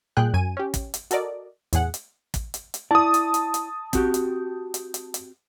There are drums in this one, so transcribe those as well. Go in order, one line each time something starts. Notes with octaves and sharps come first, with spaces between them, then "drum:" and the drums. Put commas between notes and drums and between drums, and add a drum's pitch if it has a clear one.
A#2 G3 G#4 G5 F#6
F#2 G#5 D#7
C#4 G4
drum: kick, hi-hat
drum: hi-hat
F#4 A4 A#4 D5 D#5, drum: hi-hat
E2 A2 G#4 F#5, drum: hi-hat
drum: hi-hat
drum: kick, hi-hat
drum: hi-hat
drum: hi-hat
E4 D5 A5 D#6
drum: hi-hat
drum: hi-hat
drum: hi-hat
C4 F#4 G4, drum: kick, hi-hat
drum: hi-hat
drum: hi-hat
drum: hi-hat
drum: hi-hat